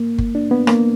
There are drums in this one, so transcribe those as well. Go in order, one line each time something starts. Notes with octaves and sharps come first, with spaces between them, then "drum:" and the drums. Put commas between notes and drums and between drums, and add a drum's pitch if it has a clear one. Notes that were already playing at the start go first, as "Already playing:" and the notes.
Already playing: A#3
drum: kick G1
D4
B3
A#3, drum: rim click